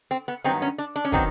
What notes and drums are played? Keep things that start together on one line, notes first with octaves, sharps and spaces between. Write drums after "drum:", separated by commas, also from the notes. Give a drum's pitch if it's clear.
C4
B3
G2 D#3 F#3 B3 C4
C#4
D4
D4
C#4
D#3 F#3 B3 C4, drum: kick